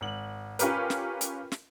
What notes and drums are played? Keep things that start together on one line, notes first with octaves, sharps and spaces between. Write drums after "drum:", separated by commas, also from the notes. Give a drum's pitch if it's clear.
G#1 F#7
C#4 F4 G4 A#4 B4, drum: hi-hat
drum: snare
drum: hi-hat
drum: snare